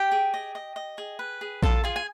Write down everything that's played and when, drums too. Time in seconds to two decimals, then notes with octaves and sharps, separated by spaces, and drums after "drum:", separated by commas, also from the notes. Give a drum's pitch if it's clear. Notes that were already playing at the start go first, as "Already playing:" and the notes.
Already playing: G4 G5
0.12 G#4
0.34 D#5
0.55 D#5
0.76 D#5
0.98 G#4
1.19 B4
1.41 G#4
1.63 F4 A4 A5, drum: kick A#1
1.84 F4 G#4 G#5
1.96 G#5